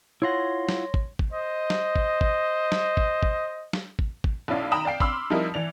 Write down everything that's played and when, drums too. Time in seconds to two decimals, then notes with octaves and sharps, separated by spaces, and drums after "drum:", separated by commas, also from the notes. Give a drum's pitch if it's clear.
0.22 E4 F4 C#5 F#5 C6 A#6
0.69 drum: snare
0.94 drum: kick A1
1.19 drum: kick A1
1.33 C5 D#5
1.70 drum: snare
1.96 drum: kick A1
2.21 drum: kick A1
2.72 drum: snare
2.97 drum: kick A1
3.23 drum: kick A1
3.73 drum: snare
3.99 drum: kick A1
4.24 drum: kick A1
4.48 B1 C#4 E4 D5 F5
4.72 D#3 G5 A#5 B5 D#6 E7
4.85 D5 F5 G5 C7
5.00 B5 C6 D6 E6 F6, drum: kick A1
5.30 F3 G3 C4 D#4 E4 A#4
5.54 E3 D5 F7